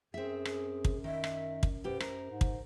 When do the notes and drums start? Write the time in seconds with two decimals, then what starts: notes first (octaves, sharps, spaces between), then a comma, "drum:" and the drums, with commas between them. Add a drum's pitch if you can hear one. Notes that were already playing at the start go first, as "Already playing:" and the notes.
0.14 F#2 C4 G#4 E5
0.45 drum: rim click
0.85 drum: kick
1.04 D#3 E5
1.24 drum: rim click
1.63 drum: kick
1.84 B2 G4 C5
2.00 A#4, drum: rim click
2.31 G#2
2.41 drum: kick